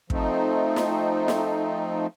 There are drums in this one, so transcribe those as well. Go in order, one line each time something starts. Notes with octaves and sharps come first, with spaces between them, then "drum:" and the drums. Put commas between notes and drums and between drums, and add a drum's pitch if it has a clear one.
F3 A3 C4 D#4, drum: kick
drum: snare
drum: snare